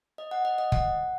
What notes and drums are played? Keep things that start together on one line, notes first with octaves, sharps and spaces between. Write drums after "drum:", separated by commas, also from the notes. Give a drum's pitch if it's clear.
D#5
F#5
D#5
D#5
F#5, drum: kick